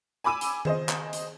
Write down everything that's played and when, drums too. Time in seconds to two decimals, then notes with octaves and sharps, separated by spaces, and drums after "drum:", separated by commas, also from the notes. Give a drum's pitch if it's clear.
0.24 G#5 B5 D6 E6 D#7
0.41 drum: hi-hat
0.65 G#4 C5 D#5, drum: tom D#3
0.89 drum: clap
1.13 drum: hi-hat